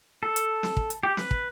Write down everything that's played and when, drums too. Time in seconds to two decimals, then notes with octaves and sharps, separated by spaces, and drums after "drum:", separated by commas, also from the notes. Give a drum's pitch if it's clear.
0.23 A4
0.36 drum: hi-hat
0.63 drum: snare
0.77 drum: kick
0.90 drum: hi-hat
1.03 G4
1.17 B4, drum: snare
1.31 drum: kick